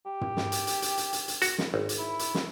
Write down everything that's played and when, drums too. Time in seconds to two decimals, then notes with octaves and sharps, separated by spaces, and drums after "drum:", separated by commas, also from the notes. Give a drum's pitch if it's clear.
0.06 G4
0.21 drum: tom
0.37 drum: snare
0.52 drum: hi-hat
0.67 drum: hi-hat
0.82 drum: hi-hat
0.98 drum: hi-hat
1.13 drum: hi-hat
1.28 drum: hi-hat
1.42 F#4, drum: hi-hat
1.58 drum: snare
1.74 G#1
1.89 drum: hi-hat
1.98 E4
2.19 drum: hi-hat
2.35 drum: snare